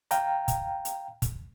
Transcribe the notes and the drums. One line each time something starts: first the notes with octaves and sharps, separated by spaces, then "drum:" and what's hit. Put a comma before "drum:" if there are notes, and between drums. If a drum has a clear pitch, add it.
F5 G5 A#5, drum: hi-hat
drum: kick, hi-hat
drum: hi-hat
drum: kick, hi-hat